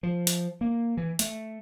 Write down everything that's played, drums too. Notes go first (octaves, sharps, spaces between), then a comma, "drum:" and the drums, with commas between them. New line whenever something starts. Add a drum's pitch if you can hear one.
F3
drum: hi-hat
A#3
E3
A3, drum: hi-hat